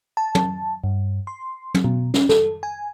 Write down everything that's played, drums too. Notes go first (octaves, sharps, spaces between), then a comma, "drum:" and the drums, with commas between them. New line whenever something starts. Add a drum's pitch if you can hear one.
A5
drum: tom
G2
C6
drum: tom
B2
C#4, drum: snare
A4, drum: snare
G#5